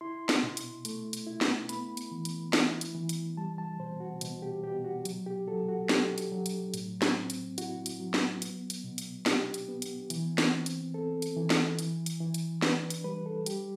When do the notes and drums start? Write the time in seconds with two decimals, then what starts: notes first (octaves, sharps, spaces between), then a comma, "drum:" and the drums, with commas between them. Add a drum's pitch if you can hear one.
0.01 E4 C6
0.29 drum: snare
0.43 B2
0.57 drum: hi-hat
0.85 A3, drum: hi-hat
1.13 drum: hi-hat
1.27 E4
1.41 drum: snare
1.69 B3 B5, drum: hi-hat
1.97 drum: hi-hat
2.12 E3
2.25 drum: hi-hat
2.53 E4, drum: snare
2.81 drum: hi-hat
2.95 E3
3.09 drum: hi-hat
3.37 G3 A5
3.58 A5
3.79 B2 C5
4.00 F#4
4.21 B2, drum: hi-hat
4.42 G4
4.63 B2 G4
4.85 F#4
5.05 F#3, drum: hi-hat
5.26 G4
5.48 F#3 A4
5.68 F#4
5.89 D4 G4, drum: snare
6.18 drum: hi-hat
6.32 F#3
6.46 drum: hi-hat
6.74 A2, drum: hi-hat
7.02 drum: snare
7.16 C4
7.30 drum: hi-hat
7.58 E4 F#4, drum: hi-hat
7.86 drum: hi-hat
8.00 F#3
8.14 drum: snare
8.42 B3, drum: hi-hat
8.70 drum: hi-hat
8.84 B2
8.98 drum: hi-hat
9.26 D4 G4, drum: snare
9.54 drum: hi-hat
9.68 B3
9.82 drum: hi-hat
10.10 E3, drum: hi-hat
10.38 drum: snare
10.52 C4
10.66 drum: hi-hat
10.94 C4 A4
11.22 drum: hi-hat
11.36 E3
11.50 drum: snare
11.79 E3, drum: hi-hat
12.06 drum: hi-hat
12.20 E3
12.34 drum: hi-hat
12.62 D4 B4, drum: snare
12.90 drum: hi-hat
13.04 G3 B4
13.26 A4
13.46 G3 G4, drum: hi-hat